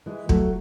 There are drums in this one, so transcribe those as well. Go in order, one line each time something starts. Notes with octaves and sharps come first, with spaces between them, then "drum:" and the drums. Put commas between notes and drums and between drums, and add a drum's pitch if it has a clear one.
E3 G#3
F#3 A3, drum: kick